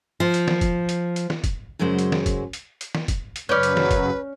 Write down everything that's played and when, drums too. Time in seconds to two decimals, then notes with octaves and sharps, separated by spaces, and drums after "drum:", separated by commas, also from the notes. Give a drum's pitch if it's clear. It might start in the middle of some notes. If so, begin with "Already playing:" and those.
0.20 F3
0.34 drum: hi-hat
0.48 drum: snare
0.61 drum: kick, hi-hat
0.89 drum: hi-hat
1.16 drum: hi-hat
1.30 drum: snare
1.44 drum: kick, hi-hat
1.79 F#2 C#3 F#3 G#3 C5
1.99 drum: hi-hat
2.12 drum: snare
2.26 drum: kick, hi-hat
2.53 drum: hi-hat
2.81 drum: hi-hat
2.95 drum: snare
3.08 drum: kick, hi-hat
3.36 drum: hi-hat
3.49 F#2 C#3 F#3 C#4 B4 D5 F6 G6
3.63 drum: hi-hat
3.77 drum: snare
3.91 drum: kick, hi-hat